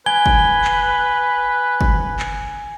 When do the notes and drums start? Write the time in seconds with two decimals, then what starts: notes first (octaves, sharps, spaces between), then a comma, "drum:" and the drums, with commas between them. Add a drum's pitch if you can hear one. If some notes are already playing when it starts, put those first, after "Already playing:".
0.06 B4 G#5 G#6 G7
0.26 drum: kick
0.64 drum: clap
1.81 drum: kick
2.19 drum: clap